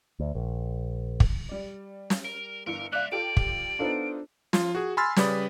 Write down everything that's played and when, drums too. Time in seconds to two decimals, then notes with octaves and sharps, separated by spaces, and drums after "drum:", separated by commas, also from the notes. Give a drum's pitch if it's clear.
0.20 D2
0.35 A#1
1.20 drum: kick
1.49 G3 D5
2.10 drum: snare
2.25 A#4
2.66 G1 E3 A#4 C#7
2.92 G#3 D5 E5 F5 F#6
3.12 F4 G4 A4 D5 D7
3.37 drum: kick
3.79 B3 D4 D#4 F4 A4 C5
4.53 F3 F4, drum: snare
4.75 F#4 G#4
4.97 G#5 B5 C6 E6 F6 A6
5.16 C#3 G3 B4 D5 B5 D#6, drum: snare